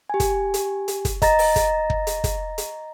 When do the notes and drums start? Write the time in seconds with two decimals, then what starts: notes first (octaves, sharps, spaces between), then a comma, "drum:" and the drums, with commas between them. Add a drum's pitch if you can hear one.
0.10 G4 G#5
0.20 drum: kick, hi-hat
0.54 drum: hi-hat
0.88 drum: hi-hat
1.05 drum: kick, hi-hat
1.22 D#5 A#5 A6 A#6, drum: kick, hi-hat
1.39 drum: open hi-hat
1.56 drum: kick, hi-hat
1.90 drum: kick
2.07 drum: hi-hat
2.24 drum: kick, hi-hat
2.58 drum: hi-hat